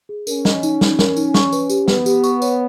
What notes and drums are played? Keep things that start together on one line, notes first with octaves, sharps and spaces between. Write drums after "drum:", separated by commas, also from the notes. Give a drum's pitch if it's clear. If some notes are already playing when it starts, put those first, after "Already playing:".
G#4
C#4 A#4, drum: tambourine
D#5, drum: snare
D#4, drum: tambourine
D#4, drum: snare
A#4, drum: snare
D#4, drum: tambourine
C#6, drum: snare
B4, drum: tambourine
G4, drum: tambourine
B3 B4, drum: snare
G4, drum: tambourine
C#6, drum: tambourine
C#5, drum: tambourine